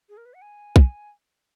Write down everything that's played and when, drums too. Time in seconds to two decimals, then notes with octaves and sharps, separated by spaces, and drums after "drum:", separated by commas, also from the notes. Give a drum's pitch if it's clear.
0.09 G#4
0.17 A#4
0.26 B4
0.34 F#5
0.42 G#5
0.76 drum: kick